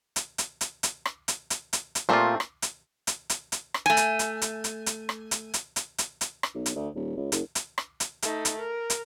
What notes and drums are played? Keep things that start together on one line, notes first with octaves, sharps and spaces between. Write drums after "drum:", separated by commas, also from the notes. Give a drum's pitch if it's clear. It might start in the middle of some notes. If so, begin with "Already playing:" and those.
drum: hi-hat
drum: hi-hat
drum: hi-hat
drum: hi-hat
drum: rim click
drum: hi-hat
drum: hi-hat
drum: hi-hat
drum: hi-hat
A#2 A3 C4 F4 G4
drum: rim click
drum: hi-hat
drum: hi-hat
drum: hi-hat
drum: hi-hat
drum: rim click
A3 G#5
drum: hi-hat
drum: hi-hat
drum: hi-hat
drum: hi-hat
drum: hi-hat
drum: rim click
drum: hi-hat
drum: hi-hat
drum: hi-hat
drum: hi-hat
drum: hi-hat
drum: rim click
B1
drum: hi-hat
D2
D#1
C#2
F#1, drum: hi-hat
drum: hi-hat
drum: rim click
drum: hi-hat
A3 D#4, drum: hi-hat
drum: hi-hat
A#4
drum: hi-hat